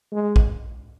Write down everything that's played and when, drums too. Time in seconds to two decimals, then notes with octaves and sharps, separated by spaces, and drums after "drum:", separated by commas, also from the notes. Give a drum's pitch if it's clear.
0.12 G#3
0.36 drum: kick